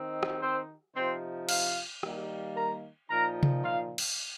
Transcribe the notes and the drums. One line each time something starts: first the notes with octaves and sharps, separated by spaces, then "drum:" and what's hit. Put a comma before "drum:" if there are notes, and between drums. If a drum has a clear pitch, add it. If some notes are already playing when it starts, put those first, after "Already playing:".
Already playing: D#3 C4 D#4
drum: rim click
C4 C5
C3 F3 C4 D#4 C5
F4 F5, drum: cymbal
D#3 G3 A#3, drum: rim click
A#4 A#5
A#2 F3 D#4 A#4 A#5
drum: tom C3
F4 F5
drum: cymbal